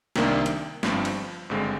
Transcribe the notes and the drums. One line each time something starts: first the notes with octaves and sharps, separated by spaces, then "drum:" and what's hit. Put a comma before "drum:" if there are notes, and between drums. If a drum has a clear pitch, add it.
C2 C3 D#3 A#3 D4, drum: snare
drum: hi-hat
G1 G2 F3 C4, drum: snare
drum: cymbal
G#1 G2 D3 G#3 C4